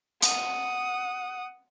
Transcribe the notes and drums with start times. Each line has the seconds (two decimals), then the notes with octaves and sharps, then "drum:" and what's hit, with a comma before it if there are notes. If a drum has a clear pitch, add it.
0.22 F#5 D#6, drum: hi-hat